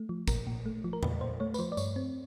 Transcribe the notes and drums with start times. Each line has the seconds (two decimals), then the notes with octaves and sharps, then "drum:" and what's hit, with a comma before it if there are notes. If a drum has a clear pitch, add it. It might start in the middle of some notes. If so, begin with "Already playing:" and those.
Already playing: A3
0.09 F3
0.28 A#2 A#4, drum: kick, tambourine
0.47 A#2
0.66 A3
0.84 F3
0.93 A#4
1.03 A#2 B4, drum: tom E2
1.21 A#2 C5
1.40 A3 C#5
1.54 B4, drum: tambourine
1.59 F3 C5
1.72 D5
1.77 G2 C#5, drum: tambourine
1.96 C4